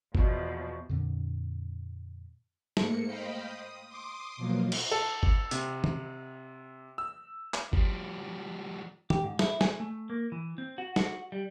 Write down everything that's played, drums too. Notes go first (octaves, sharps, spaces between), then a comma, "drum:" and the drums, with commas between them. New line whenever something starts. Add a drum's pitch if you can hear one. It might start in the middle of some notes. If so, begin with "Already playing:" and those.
E2 B2 F3, drum: kick G1
F2 A#2 D3 C4
G#2 A3 A#3 C#7, drum: snare
C5 D#5 F5 G5 B5
D#6
C6 D6 D#6
B2 F3 F#3 A#3
drum: cymbal
A4
drum: kick G1
C3, drum: hi-hat
drum: tom
E6
drum: clap
F3 G3, drum: kick G1
G4, drum: tom
G#2
E4, drum: snare
G#5, drum: snare
A3
A#3
E3
C4
F#4
F#4, drum: snare
G3